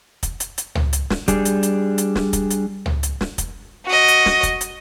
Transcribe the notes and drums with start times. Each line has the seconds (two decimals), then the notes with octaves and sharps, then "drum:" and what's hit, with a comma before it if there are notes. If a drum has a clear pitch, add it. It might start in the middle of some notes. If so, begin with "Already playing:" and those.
0.23 drum: kick, hi-hat
0.40 drum: hi-hat
0.58 drum: hi-hat
0.75 drum: tom C#2
0.93 drum: hi-hat
1.10 drum: snare
1.28 G3 D4 G#4, drum: kick, hi-hat
1.45 drum: hi-hat
1.63 drum: hi-hat
1.98 drum: hi-hat
2.15 drum: snare
2.33 drum: kick, hi-hat
2.51 drum: hi-hat
2.86 drum: tom C#2
3.03 drum: hi-hat
3.21 drum: snare
3.38 drum: kick, hi-hat
3.86 F#4 D#5
4.08 drum: hi-hat
4.26 drum: snare
4.43 drum: kick, hi-hat
4.61 drum: hi-hat